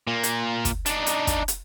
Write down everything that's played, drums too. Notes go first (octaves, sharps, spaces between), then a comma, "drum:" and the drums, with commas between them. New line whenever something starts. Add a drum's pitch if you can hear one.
A#2 A#3
drum: hi-hat
drum: kick, hi-hat
D4 D#4, drum: hi-hat
drum: hi-hat
drum: kick, hi-hat
drum: hi-hat